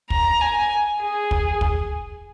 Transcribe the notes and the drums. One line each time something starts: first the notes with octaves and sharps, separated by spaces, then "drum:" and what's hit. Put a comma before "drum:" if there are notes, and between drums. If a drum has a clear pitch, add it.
A#5, drum: kick
G#5
G#4
drum: kick
drum: kick